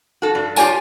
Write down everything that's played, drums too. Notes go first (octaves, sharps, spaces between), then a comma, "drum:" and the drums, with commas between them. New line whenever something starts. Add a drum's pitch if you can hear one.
F#4 A4
G2 D4
F4 G4 C#5 G#5 A5, drum: tambourine